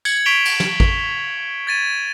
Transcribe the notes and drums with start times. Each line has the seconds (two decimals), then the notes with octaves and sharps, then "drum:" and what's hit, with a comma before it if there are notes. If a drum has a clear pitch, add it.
0.05 G#6 C#7 F#7, drum: tambourine
0.25 C#6 B6 D7 E7 F7 G7
0.45 drum: cymbal
0.60 drum: snare
0.80 drum: kick G#1
1.67 G#6 A6 D#7